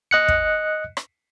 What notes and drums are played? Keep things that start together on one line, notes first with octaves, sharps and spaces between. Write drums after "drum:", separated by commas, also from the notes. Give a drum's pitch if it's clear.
D#5 F#6 C#7
drum: kick
drum: rim click